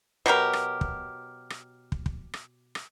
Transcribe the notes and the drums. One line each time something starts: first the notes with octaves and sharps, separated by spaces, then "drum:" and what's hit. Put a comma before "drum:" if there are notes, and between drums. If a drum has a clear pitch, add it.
B2 F#3 G4 A#4
drum: rim click
drum: kick
drum: rim click
drum: kick
drum: kick
drum: rim click
drum: rim click